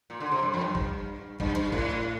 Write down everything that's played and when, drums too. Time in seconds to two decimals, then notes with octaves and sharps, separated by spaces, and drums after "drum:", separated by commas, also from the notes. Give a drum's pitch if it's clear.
0.10 A#2
0.20 D3
0.32 C3
0.42 G2
0.54 F2
0.64 G2
0.75 drum: kick
1.40 G2, drum: kick
1.56 G2
1.72 A2, drum: kick